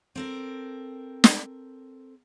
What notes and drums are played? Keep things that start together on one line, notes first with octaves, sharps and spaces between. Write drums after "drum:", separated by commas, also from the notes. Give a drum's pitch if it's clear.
C4 A4 A#4
drum: snare